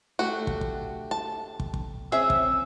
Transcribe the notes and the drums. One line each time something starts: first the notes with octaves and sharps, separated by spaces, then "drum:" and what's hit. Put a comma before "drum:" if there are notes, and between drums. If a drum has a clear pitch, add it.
A3 D4 F#4 G4
drum: kick
drum: kick
A5
drum: kick
drum: kick
C4 C#4 G#4 E5 E6
drum: kick